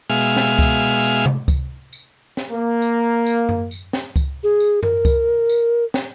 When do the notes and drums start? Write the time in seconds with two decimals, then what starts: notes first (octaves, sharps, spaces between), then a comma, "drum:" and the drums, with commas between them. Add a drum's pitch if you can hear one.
0.10 B2 G#3 E5 F5 G#5 F6
0.36 drum: snare
0.59 drum: kick C#2, tambourine
1.03 drum: tambourine
1.26 drum: tom C3
1.48 drum: kick C#2, tambourine
1.93 drum: tambourine
2.37 drum: snare
2.51 A#3
2.82 drum: tambourine
3.26 drum: tambourine
3.49 drum: tom F#2
3.71 drum: tambourine
3.93 drum: snare
4.16 drum: kick C#2, tambourine
4.43 G#4
4.60 drum: tambourine
4.83 A#4, drum: tom F#2
5.05 drum: kick C#2, tambourine
5.50 drum: tambourine
5.94 drum: snare